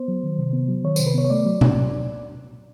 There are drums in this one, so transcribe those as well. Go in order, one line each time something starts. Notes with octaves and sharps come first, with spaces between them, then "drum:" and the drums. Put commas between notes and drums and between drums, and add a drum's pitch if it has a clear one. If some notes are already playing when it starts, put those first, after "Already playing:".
Already playing: B3 C5
F#3
D#3
C3
B3
F#3
D#3 C#5
C3 C5, drum: tambourine
B4
B3 C#5
C#5
A3 D5
F#3
drum: tom B2